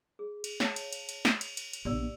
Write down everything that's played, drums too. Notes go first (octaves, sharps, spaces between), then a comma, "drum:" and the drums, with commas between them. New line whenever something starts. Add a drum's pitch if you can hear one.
G#4
drum: cymbal
C#5 F5 A5, drum: snare
drum: cymbal
drum: cymbal
drum: cymbal
drum: snare
drum: cymbal
drum: cymbal
drum: cymbal
A#1 B3 G4 D5 E6